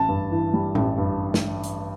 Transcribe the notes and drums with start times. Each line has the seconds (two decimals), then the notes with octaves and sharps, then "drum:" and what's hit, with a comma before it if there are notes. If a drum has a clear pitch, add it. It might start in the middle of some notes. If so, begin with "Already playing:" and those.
Already playing: A1 A5
0.09 G2
0.31 E3
0.53 G3
0.75 A1, drum: tom A2
0.98 G2
1.34 drum: snare
1.64 drum: hi-hat